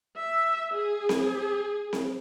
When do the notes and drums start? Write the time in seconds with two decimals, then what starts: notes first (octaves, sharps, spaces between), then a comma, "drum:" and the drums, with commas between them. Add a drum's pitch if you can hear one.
0.17 E5
0.74 G#4
1.09 drum: snare C4
1.93 drum: snare C4